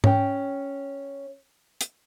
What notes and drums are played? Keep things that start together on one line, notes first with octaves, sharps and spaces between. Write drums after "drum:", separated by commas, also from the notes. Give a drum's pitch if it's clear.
C#4 G5, drum: tom
drum: hi-hat